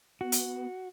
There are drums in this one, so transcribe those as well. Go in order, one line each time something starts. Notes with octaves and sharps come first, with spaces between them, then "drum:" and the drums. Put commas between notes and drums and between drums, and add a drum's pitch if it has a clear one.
B3 F#4
drum: hi-hat